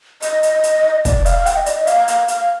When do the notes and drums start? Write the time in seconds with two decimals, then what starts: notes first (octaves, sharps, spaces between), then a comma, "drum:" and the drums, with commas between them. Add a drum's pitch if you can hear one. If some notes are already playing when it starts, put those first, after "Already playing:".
0.22 D#5, drum: hi-hat
0.43 drum: hi-hat
0.63 drum: hi-hat
1.05 D5, drum: kick, hi-hat
1.26 F5, drum: hi-hat
1.46 G5, drum: hi-hat
1.56 D#5
1.66 D5, drum: hi-hat
1.77 D#5
1.87 F5, drum: hi-hat
2.08 F5, drum: hi-hat
2.28 F5, drum: hi-hat